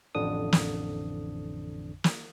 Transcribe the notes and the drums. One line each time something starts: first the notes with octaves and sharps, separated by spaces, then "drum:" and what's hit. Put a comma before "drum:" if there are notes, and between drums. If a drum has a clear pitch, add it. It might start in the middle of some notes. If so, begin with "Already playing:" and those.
A1 F2 D3 D4 D#6
drum: snare
drum: snare